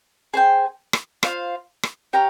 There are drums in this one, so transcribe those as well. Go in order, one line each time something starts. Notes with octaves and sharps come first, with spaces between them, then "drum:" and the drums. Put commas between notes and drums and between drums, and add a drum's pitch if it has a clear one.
G#4 C5 G5
drum: rim click
F4 C5 F5, drum: rim click
drum: rim click
G4 C#5 F5 A#5